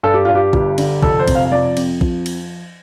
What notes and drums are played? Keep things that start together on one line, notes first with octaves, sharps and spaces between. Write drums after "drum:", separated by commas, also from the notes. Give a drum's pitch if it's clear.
G2 A4
G4
G2 F4
G4
G1, drum: kick
D3, drum: cymbal
F1 A4, drum: kick
C5
C3, drum: kick, cymbal
F5
F5
F3 D5
F2, drum: cymbal
F3, drum: kick
drum: cymbal